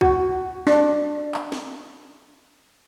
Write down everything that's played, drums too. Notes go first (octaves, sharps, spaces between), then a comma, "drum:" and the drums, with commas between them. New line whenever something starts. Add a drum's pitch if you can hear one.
F#4, drum: kick C2
D4, drum: snare
drum: clap
drum: snare